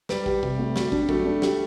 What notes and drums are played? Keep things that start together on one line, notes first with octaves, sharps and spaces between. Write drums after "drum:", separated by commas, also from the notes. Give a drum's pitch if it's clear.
G3 B4, drum: snare
G4, drum: kick
C3, drum: kick
A3
G3 F#4, drum: snare
D4, drum: kick
F#3 A3, drum: kick
D4
G4, drum: snare